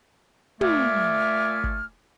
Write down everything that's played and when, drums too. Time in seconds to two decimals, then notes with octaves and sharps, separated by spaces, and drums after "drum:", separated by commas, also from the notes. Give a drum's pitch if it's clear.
0.61 A#2 A3 E5 G#5 D6 F6, drum: tom
1.64 drum: kick G1